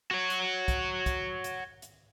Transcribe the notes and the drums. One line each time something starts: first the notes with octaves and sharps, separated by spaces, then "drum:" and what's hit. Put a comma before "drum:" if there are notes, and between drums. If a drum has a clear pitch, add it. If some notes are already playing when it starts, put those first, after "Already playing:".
F#4 C#5
drum: hi-hat
drum: kick, hi-hat
drum: kick, hi-hat
drum: hi-hat
drum: hi-hat